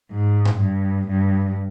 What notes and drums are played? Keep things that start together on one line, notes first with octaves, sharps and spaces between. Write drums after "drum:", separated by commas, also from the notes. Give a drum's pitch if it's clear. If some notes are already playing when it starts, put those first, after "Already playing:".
G#2
drum: tom G#2
G2
G2